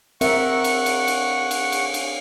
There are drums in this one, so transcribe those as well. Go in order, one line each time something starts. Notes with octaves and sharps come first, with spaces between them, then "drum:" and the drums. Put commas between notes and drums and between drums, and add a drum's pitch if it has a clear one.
C4 A#4 E5 F#5 C#6, drum: cymbal
drum: cymbal
drum: cymbal
drum: cymbal
drum: cymbal
drum: cymbal
drum: cymbal